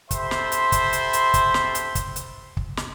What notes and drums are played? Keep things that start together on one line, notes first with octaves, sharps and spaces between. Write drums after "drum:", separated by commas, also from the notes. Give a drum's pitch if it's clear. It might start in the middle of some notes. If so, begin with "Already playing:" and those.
G4 A4 C5 E5 B5 C6, drum: kick, hi-hat
drum: snare
drum: hi-hat
drum: kick, hi-hat
drum: hi-hat
drum: hi-hat
drum: kick, hi-hat
drum: snare
drum: hi-hat
drum: kick, hi-hat
drum: hi-hat
drum: kick
drum: snare